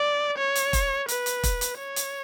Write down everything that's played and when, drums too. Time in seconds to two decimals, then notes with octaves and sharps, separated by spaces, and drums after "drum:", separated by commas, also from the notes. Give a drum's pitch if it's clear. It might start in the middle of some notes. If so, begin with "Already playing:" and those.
Already playing: D5
0.38 C#5
0.55 drum: hi-hat
0.73 drum: kick E1, hi-hat
1.08 B4, drum: hi-hat
1.26 drum: hi-hat
1.43 drum: kick E1, hi-hat
1.61 drum: hi-hat
1.79 C#5
1.96 drum: hi-hat